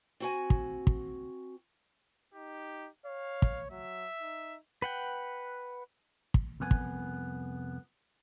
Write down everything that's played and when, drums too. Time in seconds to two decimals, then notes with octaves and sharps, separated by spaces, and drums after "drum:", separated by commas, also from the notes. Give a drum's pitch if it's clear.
0.20 C4 F#4 G#5
0.50 drum: kick
0.87 drum: kick
2.34 D#4 G4
3.06 C#5 F5
3.42 drum: kick
3.71 F#3 E5
4.21 D#4
4.82 B4 F#5 G5
6.34 drum: kick
6.60 C2 F2 B3 G#5
6.71 drum: kick